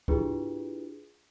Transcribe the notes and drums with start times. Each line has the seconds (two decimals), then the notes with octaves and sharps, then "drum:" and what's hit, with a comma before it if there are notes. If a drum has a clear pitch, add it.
0.08 D4 E4 F4 G4 G#4 B4, drum: kick C#2